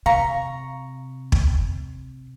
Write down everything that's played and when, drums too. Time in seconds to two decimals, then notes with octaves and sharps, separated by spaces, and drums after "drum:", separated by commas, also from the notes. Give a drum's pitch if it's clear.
0.06 C3 F5 A#5 C#6
1.32 drum: kick